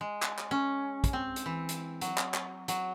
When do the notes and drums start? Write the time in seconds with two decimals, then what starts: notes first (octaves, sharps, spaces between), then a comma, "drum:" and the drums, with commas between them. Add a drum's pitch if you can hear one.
0.01 G#3
0.22 drum: clap
0.39 drum: clap
0.51 C#4
1.04 drum: kick, hi-hat
1.13 C4
1.36 drum: hi-hat
1.46 E3
1.69 drum: hi-hat
2.01 F#3, drum: hi-hat
2.18 drum: clap
2.34 drum: clap
2.68 F#3, drum: hi-hat